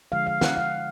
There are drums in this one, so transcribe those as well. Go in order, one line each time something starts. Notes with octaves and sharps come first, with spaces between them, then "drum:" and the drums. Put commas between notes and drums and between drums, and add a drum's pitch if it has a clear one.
D3 F3 G#3 F5
F5
F#5, drum: snare
F5